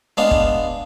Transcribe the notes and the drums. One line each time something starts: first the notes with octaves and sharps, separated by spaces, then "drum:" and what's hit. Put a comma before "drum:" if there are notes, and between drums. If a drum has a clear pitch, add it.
G#3 B3 D4 F5
drum: kick